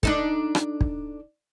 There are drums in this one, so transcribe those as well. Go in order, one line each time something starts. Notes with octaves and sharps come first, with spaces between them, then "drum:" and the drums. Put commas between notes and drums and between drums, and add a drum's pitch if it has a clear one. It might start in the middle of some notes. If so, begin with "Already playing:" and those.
D4 D#4 A4, drum: kick
drum: rim click
drum: kick